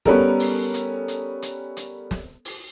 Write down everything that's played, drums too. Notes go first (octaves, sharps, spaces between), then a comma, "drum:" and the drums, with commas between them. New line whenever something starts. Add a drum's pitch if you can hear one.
G3 B3 C#4 A4 A#4, drum: snare
drum: open hi-hat
drum: hi-hat
drum: hi-hat
drum: hi-hat
drum: hi-hat
drum: snare
drum: open hi-hat